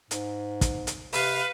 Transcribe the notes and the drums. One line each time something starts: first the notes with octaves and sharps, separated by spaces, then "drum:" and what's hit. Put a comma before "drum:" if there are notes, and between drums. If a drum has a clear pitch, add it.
G#2, drum: hi-hat
drum: kick, hi-hat
drum: hi-hat
C3 B4 F5, drum: open hi-hat